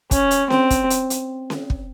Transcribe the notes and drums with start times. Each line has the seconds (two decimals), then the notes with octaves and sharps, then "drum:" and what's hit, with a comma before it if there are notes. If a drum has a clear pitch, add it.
0.11 C#4, drum: kick, hi-hat
0.31 drum: hi-hat
0.50 C4, drum: snare C#4
0.70 drum: kick, hi-hat
0.90 drum: hi-hat
1.10 drum: hi-hat
1.50 drum: snare C#4
1.70 drum: kick